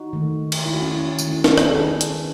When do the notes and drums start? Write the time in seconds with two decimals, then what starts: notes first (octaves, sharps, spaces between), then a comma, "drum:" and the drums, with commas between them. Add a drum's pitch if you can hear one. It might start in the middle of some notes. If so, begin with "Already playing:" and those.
Already playing: D#4 F#4
0.13 D#3 A3
0.52 drum: cymbal
0.65 D#3 A3 E4
0.73 F#4
0.82 C#4 E4
1.19 D#3 A3, drum: tambourine
1.31 C#4 E4
1.44 C#4 E4, drum: snare
1.58 B3 D#4, drum: rim click
1.66 A4
1.71 D#3 A3 G#4 B4
2.01 drum: hi-hat